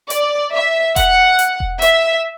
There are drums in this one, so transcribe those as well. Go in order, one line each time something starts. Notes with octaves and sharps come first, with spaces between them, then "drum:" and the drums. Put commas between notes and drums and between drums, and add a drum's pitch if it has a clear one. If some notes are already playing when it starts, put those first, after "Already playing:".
D5, drum: hi-hat
E5
F#5, drum: kick E1, hi-hat
drum: hi-hat
drum: kick E1
E5, drum: hi-hat